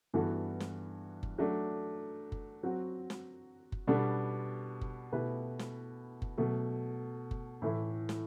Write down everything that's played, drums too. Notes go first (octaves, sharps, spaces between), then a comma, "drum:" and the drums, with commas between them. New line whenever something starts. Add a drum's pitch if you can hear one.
G2 E3 B3 F#4 A4
drum: snare
drum: kick F#1
F#3 A3 D4
drum: kick F#1
F#3 C4 F#4
drum: snare
drum: kick F#1
B2 G3 B3 D4 A4
drum: kick F#1
B2 A3 E4 G4 B4
drum: snare
drum: kick F#1
B2 F#3 A3
drum: kick F#1
A2 E3 A3 E4
drum: snare